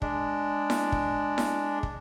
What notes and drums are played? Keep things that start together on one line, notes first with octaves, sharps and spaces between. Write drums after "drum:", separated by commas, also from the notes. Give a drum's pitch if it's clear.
G#3 D4, drum: kick
drum: snare E4
drum: kick
drum: snare E4
drum: kick